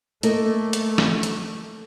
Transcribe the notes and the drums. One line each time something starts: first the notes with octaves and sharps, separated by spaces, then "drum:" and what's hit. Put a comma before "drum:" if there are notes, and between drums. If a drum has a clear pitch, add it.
A3 A#3 A4 D#5, drum: hi-hat
drum: hi-hat
drum: snare
drum: hi-hat